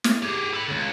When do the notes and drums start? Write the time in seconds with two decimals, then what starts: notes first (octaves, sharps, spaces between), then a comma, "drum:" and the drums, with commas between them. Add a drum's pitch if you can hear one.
0.04 drum: snare
0.22 G4 G#4
0.54 A4 B5
0.69 C#2 C#3